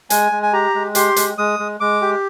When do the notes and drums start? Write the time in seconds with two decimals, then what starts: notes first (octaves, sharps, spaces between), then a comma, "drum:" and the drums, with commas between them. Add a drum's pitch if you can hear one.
0.10 G#3 G#5, drum: hi-hat
0.32 G#3
0.43 G#5
0.53 G4 A#5
0.75 G#3
0.95 G4 C6, drum: hi-hat
1.16 G#3, drum: hi-hat
1.38 G#3 D#6
1.59 G#3
1.80 G#3 D6
2.02 G4